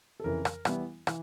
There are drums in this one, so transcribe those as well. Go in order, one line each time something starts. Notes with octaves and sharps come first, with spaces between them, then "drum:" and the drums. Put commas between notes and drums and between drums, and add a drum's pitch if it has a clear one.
A4
F2 C#3 E3 A#4
drum: rim click
E3 G3 B3 E4, drum: rim click
E3, drum: rim click